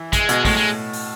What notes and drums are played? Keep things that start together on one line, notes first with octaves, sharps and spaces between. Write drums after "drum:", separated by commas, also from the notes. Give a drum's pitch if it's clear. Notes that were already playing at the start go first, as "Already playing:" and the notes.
Already playing: E3
G#3, drum: kick, hi-hat
B2, drum: hi-hat
A2 G#3, drum: kick, open hi-hat
G#3
drum: open hi-hat